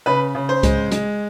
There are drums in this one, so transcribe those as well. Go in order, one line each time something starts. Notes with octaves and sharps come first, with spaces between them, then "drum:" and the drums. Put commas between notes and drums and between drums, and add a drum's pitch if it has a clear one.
C#3 B4
C#3
C5
G#3, drum: kick C2, hi-hat
G#3, drum: hi-hat